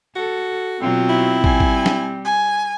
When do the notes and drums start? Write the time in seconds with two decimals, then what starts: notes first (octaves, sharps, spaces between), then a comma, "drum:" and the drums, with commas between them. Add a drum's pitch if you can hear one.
0.16 F#4 A4
0.80 B2 F#3 C4 F4
1.10 E4
1.44 G3 G#5, drum: kick
1.60 drum: kick
1.86 drum: snare
2.25 G#5